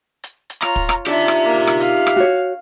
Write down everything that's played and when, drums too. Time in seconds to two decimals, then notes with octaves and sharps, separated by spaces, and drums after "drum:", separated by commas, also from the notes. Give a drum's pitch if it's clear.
0.24 drum: hi-hat
0.50 drum: hi-hat
0.62 F4 C#5 A#5, drum: rim click
0.76 drum: kick
0.89 drum: rim click
1.07 D4 D#4 F4 G4 E5
1.28 drum: rim click
1.45 A#3
1.67 drum: rim click
1.80 F5, drum: hi-hat
2.07 drum: rim click
2.16 F#4 C#5